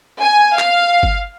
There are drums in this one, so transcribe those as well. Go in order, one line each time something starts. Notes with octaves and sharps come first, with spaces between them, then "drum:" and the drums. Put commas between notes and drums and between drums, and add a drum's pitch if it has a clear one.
G#5
F5, drum: clap
drum: kick G1